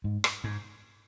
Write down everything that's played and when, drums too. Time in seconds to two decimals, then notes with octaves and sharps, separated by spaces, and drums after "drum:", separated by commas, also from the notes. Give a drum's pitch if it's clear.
0.04 G#2
0.24 drum: rim click
0.44 G#2